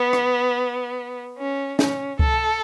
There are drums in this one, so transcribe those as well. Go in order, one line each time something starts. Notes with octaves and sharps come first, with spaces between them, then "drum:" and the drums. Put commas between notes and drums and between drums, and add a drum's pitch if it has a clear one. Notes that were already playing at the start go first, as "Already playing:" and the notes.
Already playing: B3
drum: rim click
C#4
C#4, drum: snare
A4, drum: kick C#2